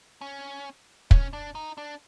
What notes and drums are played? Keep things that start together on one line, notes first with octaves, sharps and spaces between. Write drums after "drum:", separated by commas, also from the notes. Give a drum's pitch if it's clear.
C#4
C#4, drum: kick
D4
D#4
D4